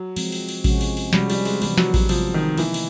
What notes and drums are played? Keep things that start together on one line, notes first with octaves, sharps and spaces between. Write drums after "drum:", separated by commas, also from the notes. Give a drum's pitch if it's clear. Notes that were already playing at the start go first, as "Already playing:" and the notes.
Already playing: F#3
F3 G#3 C4, drum: cymbal
drum: cymbal
drum: cymbal
C3 F3 G#3 C#4 F#4, drum: kick A1, cymbal
drum: cymbal
drum: cymbal
C3 F3 G3 G#3 C#4 F#4, drum: snare
G3, drum: cymbal
G#3, drum: cymbal
C3 E3 G3 G#3 B3, drum: cymbal
F#3, drum: snare
F#3, drum: kick A1, cymbal
C3 E3 F3 G#3 B3, drum: cymbal
D#3
E3 F3 A#3 D#4, drum: cymbal
drum: cymbal